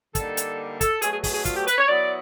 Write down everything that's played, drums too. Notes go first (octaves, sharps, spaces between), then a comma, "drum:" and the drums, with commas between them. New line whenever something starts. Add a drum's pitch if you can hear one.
D3 G3 A#3 D#4 A4, drum: kick, hi-hat
drum: hi-hat
A4, drum: kick, hi-hat
B2 F#3 A3 G#4, drum: hi-hat
G#4
G#4, drum: kick, open hi-hat
G#4
F4, drum: kick, hi-hat
G4
B4, drum: hi-hat
C#5
F#3 B3 E4 D5